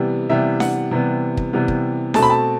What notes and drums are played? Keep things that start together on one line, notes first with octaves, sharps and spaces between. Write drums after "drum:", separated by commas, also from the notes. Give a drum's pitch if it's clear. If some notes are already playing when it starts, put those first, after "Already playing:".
Already playing: C3 E3 G3 B3
C3 E3 G3 B3 E5
F#5, drum: snare D4
C3 E3 G3 B3
drum: kick
C3 E3 G3 B3
drum: kick
B2 A3 C4 A5, drum: snare D4
B5
A5